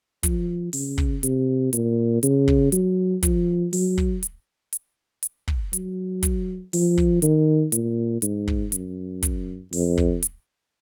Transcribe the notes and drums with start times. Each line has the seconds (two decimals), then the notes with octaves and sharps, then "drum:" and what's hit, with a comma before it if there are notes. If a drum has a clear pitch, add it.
0.23 F3, drum: kick, hi-hat
0.73 C#3, drum: open hi-hat
0.98 drum: kick
1.23 C3, drum: hi-hat
1.73 A#2, drum: hi-hat
2.23 C#3, drum: hi-hat
2.48 drum: kick
2.72 F#3, drum: hi-hat
3.23 F3, drum: kick, hi-hat
3.73 F#3, drum: open hi-hat
3.98 drum: kick
4.23 drum: hi-hat
4.73 drum: hi-hat
5.23 drum: hi-hat
5.48 drum: kick
5.73 F#3, drum: hi-hat
6.23 drum: kick, hi-hat
6.73 F3, drum: open hi-hat
6.98 drum: kick
7.22 D#3, drum: hi-hat
7.72 A#2, drum: hi-hat
8.22 G#2, drum: hi-hat
8.48 drum: kick
8.72 F#2, drum: hi-hat
9.23 drum: kick, hi-hat
9.73 F2, drum: open hi-hat
9.98 drum: kick
10.23 drum: hi-hat